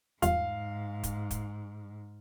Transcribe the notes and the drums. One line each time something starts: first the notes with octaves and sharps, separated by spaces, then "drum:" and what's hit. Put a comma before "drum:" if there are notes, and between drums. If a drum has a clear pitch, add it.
E2 G#2 G3 F4 F5, drum: kick, hi-hat
drum: kick, hi-hat
drum: kick, hi-hat